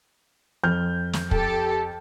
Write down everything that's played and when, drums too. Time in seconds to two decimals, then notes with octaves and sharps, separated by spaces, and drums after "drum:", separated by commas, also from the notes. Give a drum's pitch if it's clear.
0.64 F2 F6 G6
1.13 drum: snare
1.31 G4 A4, drum: kick